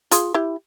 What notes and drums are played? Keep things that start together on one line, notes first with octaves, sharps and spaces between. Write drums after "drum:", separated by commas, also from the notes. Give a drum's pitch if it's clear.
F4 G#4, drum: hi-hat
E4 G4